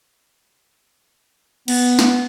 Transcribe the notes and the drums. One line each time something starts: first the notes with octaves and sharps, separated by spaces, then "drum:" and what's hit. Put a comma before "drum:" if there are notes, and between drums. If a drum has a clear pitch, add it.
B3, drum: cymbal
drum: snare